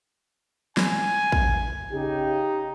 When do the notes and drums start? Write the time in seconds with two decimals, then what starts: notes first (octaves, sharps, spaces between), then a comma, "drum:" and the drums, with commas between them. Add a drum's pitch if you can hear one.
0.77 G#5, drum: snare
1.32 drum: kick
1.92 C#3 D#4 G4